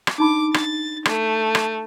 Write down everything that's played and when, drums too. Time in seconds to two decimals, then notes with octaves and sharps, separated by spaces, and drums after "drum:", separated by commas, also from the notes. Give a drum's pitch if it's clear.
0.07 drum: rim click
0.18 D4 D#4 B5 D6
0.54 A6, drum: rim click
1.05 A3, drum: rim click
1.55 drum: rim click